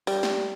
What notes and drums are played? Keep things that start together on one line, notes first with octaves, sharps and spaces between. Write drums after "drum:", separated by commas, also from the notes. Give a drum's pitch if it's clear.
G3, drum: open hi-hat
drum: snare